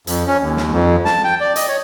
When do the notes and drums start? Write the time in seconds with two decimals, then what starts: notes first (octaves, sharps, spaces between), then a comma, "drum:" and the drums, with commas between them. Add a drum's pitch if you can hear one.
0.07 F2, drum: hi-hat
0.27 C#4
0.42 D#2
0.57 drum: snare
0.72 F2
1.05 A5, drum: snare
1.24 G5
1.40 D5
1.56 D#5, drum: hi-hat
1.69 C#5